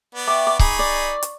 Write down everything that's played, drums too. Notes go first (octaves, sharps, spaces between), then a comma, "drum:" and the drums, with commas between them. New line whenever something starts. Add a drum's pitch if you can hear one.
B3 D5
E5 G5 C#6 D6
D6
D#4 G#4 B5 C#6, drum: kick C#1
D5
drum: hi-hat